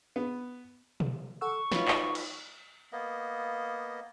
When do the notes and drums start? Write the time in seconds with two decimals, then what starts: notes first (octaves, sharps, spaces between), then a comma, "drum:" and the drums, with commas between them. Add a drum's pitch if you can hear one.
0.16 B3
1.00 drum: tom B2
1.41 A4 F#5 C#6 E6
1.72 D#4 F4 F#4 B4 C#5, drum: snare
1.88 drum: clap
2.15 drum: cymbal
2.92 A#3 B3 D#5